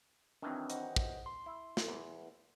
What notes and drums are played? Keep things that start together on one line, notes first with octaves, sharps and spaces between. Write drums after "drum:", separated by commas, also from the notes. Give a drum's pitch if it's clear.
D#3 E3 F#3 C4 D4
C5 D#5 F#5, drum: hi-hat
drum: kick
C6
E4
drum: snare
E2